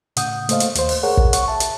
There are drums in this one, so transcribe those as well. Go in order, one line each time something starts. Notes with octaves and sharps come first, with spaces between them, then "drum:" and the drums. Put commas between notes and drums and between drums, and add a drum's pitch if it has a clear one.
A2 C#3 F#5 D#6 G6, drum: hi-hat
A3 A#3 C5 D#5 F5, drum: hi-hat
drum: hi-hat
D#2 C5, drum: hi-hat
drum: open hi-hat
G#4 A#4 C#5 F#5
drum: kick
F#5 C#6, drum: hi-hat
E5 A5
drum: hi-hat